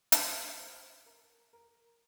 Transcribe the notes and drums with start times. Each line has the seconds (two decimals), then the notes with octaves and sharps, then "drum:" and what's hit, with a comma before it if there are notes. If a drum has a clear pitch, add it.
0.12 A#4, drum: hi-hat
0.35 A#4
0.59 C5
1.06 A#4
1.53 A#4